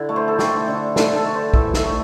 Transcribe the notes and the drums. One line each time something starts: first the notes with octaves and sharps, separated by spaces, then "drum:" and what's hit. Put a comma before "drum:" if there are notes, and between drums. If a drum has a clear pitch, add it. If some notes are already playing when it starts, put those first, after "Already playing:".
Already playing: D3 E4
A3
C5
A4
A3 G4, drum: snare
D3
D3 A4, drum: snare
A4
A3
C5
E3 E5, drum: kick
drum: snare
A3